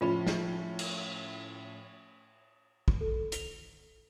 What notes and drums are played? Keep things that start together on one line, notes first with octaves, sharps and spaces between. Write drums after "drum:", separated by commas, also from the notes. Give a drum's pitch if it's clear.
A2 F3 C#4 F4 B5
drum: snare
drum: cymbal
drum: kick
A4
F7, drum: hi-hat